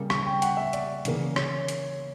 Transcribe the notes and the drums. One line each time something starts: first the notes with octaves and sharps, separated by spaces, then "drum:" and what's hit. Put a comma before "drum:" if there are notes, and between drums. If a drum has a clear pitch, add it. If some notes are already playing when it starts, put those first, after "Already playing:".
Already playing: C#3 G3 A#3
C#6, drum: rim click
G5
F#5, drum: hi-hat
E5
D5, drum: hi-hat
C#3 E3 A#3, drum: hi-hat
C#5, drum: rim click
drum: hi-hat